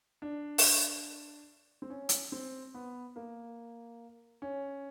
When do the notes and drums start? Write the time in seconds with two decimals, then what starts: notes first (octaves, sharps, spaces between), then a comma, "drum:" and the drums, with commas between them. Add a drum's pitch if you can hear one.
0.22 D4
0.58 drum: open hi-hat
1.82 C4
1.90 C#4
2.09 drum: hi-hat
2.32 C4
2.74 B3
3.16 A#3
4.42 C#4